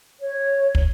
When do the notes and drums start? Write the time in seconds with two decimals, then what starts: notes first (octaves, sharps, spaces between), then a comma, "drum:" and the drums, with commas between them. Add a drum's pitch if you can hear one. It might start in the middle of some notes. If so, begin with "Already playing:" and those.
0.21 C#5
0.75 drum: kick